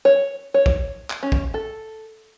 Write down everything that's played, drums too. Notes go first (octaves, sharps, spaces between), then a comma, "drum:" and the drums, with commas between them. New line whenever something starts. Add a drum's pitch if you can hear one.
C#5
C#5
drum: kick
drum: clap
C#4
drum: kick
A4